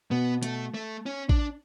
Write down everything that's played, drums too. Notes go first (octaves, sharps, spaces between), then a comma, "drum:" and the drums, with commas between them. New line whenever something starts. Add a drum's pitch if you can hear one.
B2 B3
A3, drum: hi-hat
A3
C#4
D4, drum: kick A1